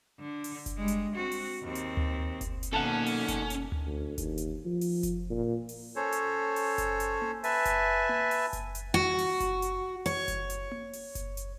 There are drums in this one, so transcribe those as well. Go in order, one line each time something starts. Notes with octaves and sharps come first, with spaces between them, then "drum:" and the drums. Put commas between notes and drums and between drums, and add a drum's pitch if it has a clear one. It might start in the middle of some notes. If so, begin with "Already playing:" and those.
D3
drum: open hi-hat
drum: kick F#1, hi-hat
G3 G#3
drum: hi-hat
C4 F#4
drum: open hi-hat
D#2 C4
drum: hi-hat
drum: tom D2
drum: kick F#1, hi-hat
drum: hi-hat
B2 D#3 A#3 C#4 A4 F#5 A5
drum: open hi-hat
drum: kick F#1, hi-hat
drum: hi-hat
drum: tom D2
D2
D#2, drum: kick F#1, hi-hat
drum: hi-hat
F3
drum: open hi-hat
drum: kick F#1, hi-hat
A#2
drum: open hi-hat
C#4 A4 C5 C#5
drum: hi-hat
drum: open hi-hat
drum: kick F#1, hi-hat
drum: hi-hat
drum: tom A#3
B4 E5 G#5 A5, drum: open hi-hat
drum: kick F#1, hi-hat
drum: tom A#3
drum: open hi-hat
drum: kick F#1, hi-hat
drum: hi-hat
F#4
drum: open hi-hat
drum: kick F#1, hi-hat
drum: hi-hat
C#5, drum: open hi-hat
drum: kick F#1, hi-hat
drum: hi-hat
drum: tom A#3
drum: open hi-hat
drum: kick F#1, hi-hat
drum: hi-hat